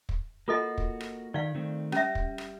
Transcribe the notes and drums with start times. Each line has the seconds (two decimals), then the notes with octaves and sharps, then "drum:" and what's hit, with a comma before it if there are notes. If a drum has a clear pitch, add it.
0.09 drum: kick
0.48 A#3 F4 F#4 A4 D#5
0.78 drum: kick
1.01 drum: rim click
1.34 D#3 D5 F5
1.55 D#3 A3 C4
1.92 G3 C#4 E5, drum: rim click
2.15 drum: kick
2.38 drum: rim click